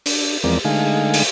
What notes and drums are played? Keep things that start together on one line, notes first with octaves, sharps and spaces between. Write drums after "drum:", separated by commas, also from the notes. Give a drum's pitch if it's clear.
D4, drum: open hi-hat
E2 F3 G#3 C4 A#4 D5
D3 G#3 A3 D#4 F5 G#5
drum: open hi-hat